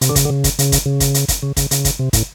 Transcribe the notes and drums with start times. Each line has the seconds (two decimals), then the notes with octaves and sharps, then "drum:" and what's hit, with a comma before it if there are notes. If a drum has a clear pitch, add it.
0.01 C3, drum: hi-hat
0.09 D3
0.16 C#3, drum: kick, hi-hat
0.25 D3
0.30 C#3
0.44 drum: kick, hi-hat
0.59 C#3, drum: hi-hat
0.72 drum: kick, hi-hat
0.86 C#3
1.00 drum: kick, hi-hat
1.14 drum: hi-hat
1.28 drum: kick, hi-hat
1.43 C#3
1.57 C#3, drum: kick, hi-hat
1.71 C#3, drum: hi-hat
1.85 drum: kick, hi-hat
1.99 C3
2.13 A2, drum: kick, hi-hat